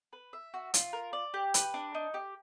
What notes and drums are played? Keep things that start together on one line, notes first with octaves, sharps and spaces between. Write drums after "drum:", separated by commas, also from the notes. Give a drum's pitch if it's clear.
B4
E5
F#4
F4, drum: hi-hat
A#4
D5
G4
B4, drum: hi-hat
D4
D#4
G4